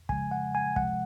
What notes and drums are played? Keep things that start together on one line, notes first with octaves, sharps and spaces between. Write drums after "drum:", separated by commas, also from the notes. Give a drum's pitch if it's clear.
C#3 F3 G#3 G#5, drum: kick
F#5
G#5
C3 F3 G#3 F#5, drum: kick